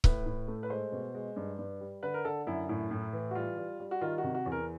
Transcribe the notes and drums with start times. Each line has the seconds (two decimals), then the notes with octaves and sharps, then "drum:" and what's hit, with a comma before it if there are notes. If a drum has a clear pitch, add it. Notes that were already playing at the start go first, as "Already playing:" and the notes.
0.04 A2 B4, drum: kick C#1
0.26 A2
0.48 A3
0.63 B4
0.70 G#3 C5
0.92 B2
1.14 G#3
1.36 G2
1.59 G2
1.81 G3
2.03 D3 B4
2.14 A#4
2.25 D3 A4
2.47 F#2 E4
2.69 A2 E4
2.91 A2
3.13 E3
3.31 F#4
3.35 G3 F4
3.58 G3
3.80 G3
3.91 F#4
4.01 D#3 F4
4.18 F#4
4.24 C3
4.35 F#4
4.46 E2
4.52 A#4